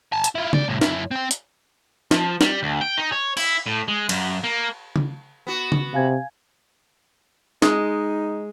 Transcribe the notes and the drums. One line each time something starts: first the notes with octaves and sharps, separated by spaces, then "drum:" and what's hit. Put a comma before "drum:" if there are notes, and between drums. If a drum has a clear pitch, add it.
G#5 A5
drum: hi-hat
E4 F4
G#3 D5, drum: tom
C2 A2
F#2 E4, drum: snare
C4 G5
drum: hi-hat
F3, drum: snare
G3, drum: snare
D2
G5
D#4
C#5
E4, drum: cymbal
A2
G#3
F#2, drum: cymbal
A#3
drum: tom
B3 F#4
drum: tom
C3 F5 G#5 G#6
G#3 D#4, drum: snare